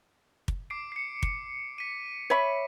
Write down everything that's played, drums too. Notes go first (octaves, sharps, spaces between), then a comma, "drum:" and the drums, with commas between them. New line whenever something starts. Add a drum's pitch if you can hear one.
drum: kick
D6 C7 D7
C7 C#7
drum: kick
B6 D#7
C#5 E5 B5